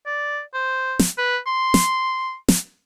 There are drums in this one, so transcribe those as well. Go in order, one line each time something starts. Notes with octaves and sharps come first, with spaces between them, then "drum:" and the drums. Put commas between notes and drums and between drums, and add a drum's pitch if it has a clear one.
D5
C5
drum: snare
B4
C6
drum: snare
drum: snare